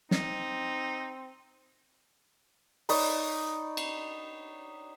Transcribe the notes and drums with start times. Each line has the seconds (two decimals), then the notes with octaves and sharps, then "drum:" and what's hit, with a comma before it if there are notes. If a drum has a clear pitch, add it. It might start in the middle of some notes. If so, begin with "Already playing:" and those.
0.11 C4 D#4, drum: snare
2.89 D#4 C#5 D5 B5, drum: open hi-hat
3.77 drum: cymbal